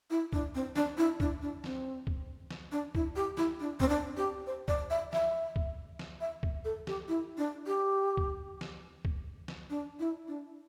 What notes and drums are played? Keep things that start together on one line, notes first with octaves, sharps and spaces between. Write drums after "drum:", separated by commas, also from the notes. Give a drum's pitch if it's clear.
E4
D4, drum: kick
C4
D4, drum: snare
E4
D4, drum: kick
D4
C4, drum: snare
drum: kick
drum: snare
D4
E4, drum: kick
G4
E4, drum: snare
D4
C4, drum: kick
D4
G4
C5
D5, drum: kick
E5
E5, drum: snare
drum: kick
drum: snare
E5
drum: kick
A4
G4, drum: snare
E4
D4
G4
drum: kick
drum: snare
drum: kick
drum: snare
D4
E4
D4